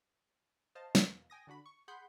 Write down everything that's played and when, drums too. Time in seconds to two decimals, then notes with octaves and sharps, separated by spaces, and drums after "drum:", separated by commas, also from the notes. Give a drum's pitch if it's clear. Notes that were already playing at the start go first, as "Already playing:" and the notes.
0.75 C5 D#5 F5 A5
0.95 E2 B2 D#3 A#3, drum: snare
1.30 G5 G#5 D#6 A#6
1.47 D3 D4 F#4 B5
1.66 C#6
1.88 G#4 F#5 B5 C6 G6